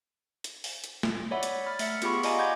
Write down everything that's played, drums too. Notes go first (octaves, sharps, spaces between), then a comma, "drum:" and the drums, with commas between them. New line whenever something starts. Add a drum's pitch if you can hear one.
drum: hi-hat
drum: open hi-hat
drum: hi-hat
drum: snare
C#5 D5 E5 F#5 B5
drum: hi-hat
B5 F6 A6
A3 E5 F6 C#7, drum: open hi-hat
B3 F4 G4 G#4 B5 C#6, drum: hi-hat
F4 D5 D#5 F5 G#5 A#5, drum: open hi-hat
F#5 B5 D6 G6 G#6 A#6